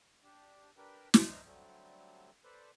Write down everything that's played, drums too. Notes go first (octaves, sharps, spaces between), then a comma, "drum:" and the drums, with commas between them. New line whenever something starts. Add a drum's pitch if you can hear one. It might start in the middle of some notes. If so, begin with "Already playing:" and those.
D4 G4
D4 G4 A#4 B4 G5
D4 B4 C5 D#5 E5 A#5, drum: snare
D3 F#3 G3 A3 C4
A4 B4 C5 D5